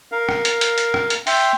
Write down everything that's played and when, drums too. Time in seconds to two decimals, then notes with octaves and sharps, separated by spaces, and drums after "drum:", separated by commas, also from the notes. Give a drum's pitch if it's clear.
0.12 A#4 F5
0.29 drum: rim click
0.45 drum: hi-hat
0.61 drum: hi-hat
0.78 drum: hi-hat
0.94 drum: rim click
1.10 drum: hi-hat
1.27 E5 G5 C6, drum: open hi-hat